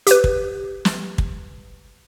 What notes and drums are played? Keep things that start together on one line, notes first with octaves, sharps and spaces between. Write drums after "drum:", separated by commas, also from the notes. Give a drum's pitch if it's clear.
G4 B4, drum: hi-hat
drum: kick
drum: snare
drum: kick